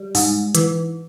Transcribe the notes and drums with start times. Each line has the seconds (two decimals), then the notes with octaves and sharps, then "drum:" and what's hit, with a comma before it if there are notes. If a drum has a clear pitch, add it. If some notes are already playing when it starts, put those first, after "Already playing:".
Already playing: G3
0.15 G#2, drum: open hi-hat
0.55 E3, drum: hi-hat